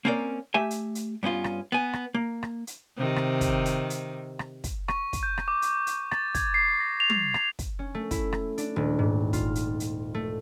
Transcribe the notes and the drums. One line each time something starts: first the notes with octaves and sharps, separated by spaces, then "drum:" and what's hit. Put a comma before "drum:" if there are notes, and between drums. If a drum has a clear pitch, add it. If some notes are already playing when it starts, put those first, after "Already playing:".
A#3 C4 C#4 A#4 D5
A3 G4 E5 G#5
drum: hi-hat
drum: hi-hat
G2 B3 C#4 F4
drum: rim click
B3 G#5
drum: rim click
A#3
drum: rim click
drum: hi-hat
C3 D#3
drum: rim click
drum: kick, hi-hat
drum: hi-hat
drum: hi-hat
drum: rim click
drum: kick, hi-hat
C#6, drum: rim click
drum: kick, hi-hat
G6
drum: rim click
D6
drum: hi-hat
drum: hi-hat
A6, drum: rim click
G#6, drum: kick, hi-hat
C7
A#6
F7
drum: tom
drum: rim click
drum: kick, hi-hat
C#4
A3
E4, drum: kick, hi-hat
drum: rim click
D4, drum: hi-hat
D#1
G#2
F4, drum: kick, hi-hat
drum: hi-hat
drum: hi-hat
A3